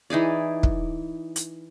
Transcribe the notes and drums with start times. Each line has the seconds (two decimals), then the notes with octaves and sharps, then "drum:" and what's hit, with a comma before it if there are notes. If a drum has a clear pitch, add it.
0.10 E3 D#4 G#4 D5
0.63 drum: kick
1.36 drum: hi-hat